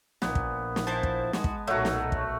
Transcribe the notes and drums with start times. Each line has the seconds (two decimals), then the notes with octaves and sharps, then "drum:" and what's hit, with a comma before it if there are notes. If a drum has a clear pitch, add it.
0.22 A#1 A#2 B3, drum: snare
0.35 drum: kick
0.76 drum: snare
0.87 F3 E4 C5 A5
1.03 drum: kick
1.33 G#3 F#4, drum: snare
1.44 drum: kick
1.67 B1 A#2 F#3 A3 D#4 F#4
1.85 drum: snare
2.12 drum: kick